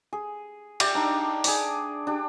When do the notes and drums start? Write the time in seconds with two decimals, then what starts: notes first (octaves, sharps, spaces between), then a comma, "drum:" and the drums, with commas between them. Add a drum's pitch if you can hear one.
0.13 G#4
0.80 G4 D5 E5 G5, drum: cymbal
0.95 D4 D#4
1.44 G#4 D5, drum: open hi-hat
2.07 D4 G4